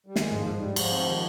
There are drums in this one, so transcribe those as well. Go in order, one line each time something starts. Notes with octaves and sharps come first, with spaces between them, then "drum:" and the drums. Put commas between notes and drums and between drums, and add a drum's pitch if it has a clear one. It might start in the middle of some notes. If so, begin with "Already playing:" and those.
G3
D#3 G#3, drum: snare
G#2 F3
G#2
G3
G#2
G#2 F3, drum: cymbal
C4
D#3